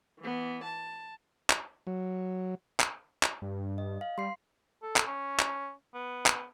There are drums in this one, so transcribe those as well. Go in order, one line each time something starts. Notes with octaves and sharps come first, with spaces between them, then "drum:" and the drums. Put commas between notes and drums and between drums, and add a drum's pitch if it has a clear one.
E3 B3
A5
drum: clap
F#3
drum: clap
drum: clap
G2
D#5
F5
G3 C6 C7
A4
drum: clap
C#4
drum: clap
B3
drum: clap